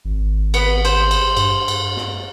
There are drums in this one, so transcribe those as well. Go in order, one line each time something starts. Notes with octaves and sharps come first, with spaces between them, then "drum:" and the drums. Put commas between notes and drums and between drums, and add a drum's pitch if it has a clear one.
G#1
B3, drum: cymbal
C5, drum: cymbal
drum: cymbal
G2, drum: cymbal
drum: cymbal
drum: snare